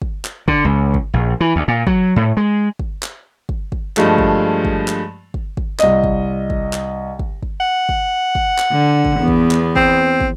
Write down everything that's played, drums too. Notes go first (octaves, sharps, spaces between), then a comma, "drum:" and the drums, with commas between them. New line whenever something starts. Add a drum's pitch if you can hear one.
drum: kick
drum: clap
D3, drum: kick
C#2
drum: kick
A#1
E3
D2
A#2
F#3, drum: kick
A2
G#3
drum: kick
drum: clap
drum: kick
drum: kick
G2 F3 G#3 A3, drum: clap
drum: kick
drum: kick
drum: clap
drum: kick
drum: kick
C2 D#5, drum: clap
drum: kick
drum: kick
drum: clap
drum: kick
drum: kick
F#5
drum: kick
drum: kick
drum: clap
D3
drum: kick
E2 B3
drum: kick
drum: clap
C4, drum: kick
drum: kick